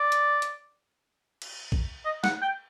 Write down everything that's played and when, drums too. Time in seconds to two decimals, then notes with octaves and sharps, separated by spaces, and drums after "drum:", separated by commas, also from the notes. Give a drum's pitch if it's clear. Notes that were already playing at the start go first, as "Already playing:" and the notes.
Already playing: D5
0.12 drum: hi-hat
0.42 drum: hi-hat
1.42 drum: cymbal
1.72 drum: kick
2.06 D#5
2.24 F#5, drum: snare
2.42 G5